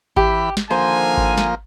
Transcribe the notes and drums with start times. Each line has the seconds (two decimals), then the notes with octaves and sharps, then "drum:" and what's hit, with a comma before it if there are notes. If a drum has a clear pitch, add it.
0.16 E3 G4 B5, drum: kick G#1
0.57 drum: snare
0.71 D3 D#3 F3 A#3 C5 G#5
1.17 drum: kick G#1
1.37 drum: snare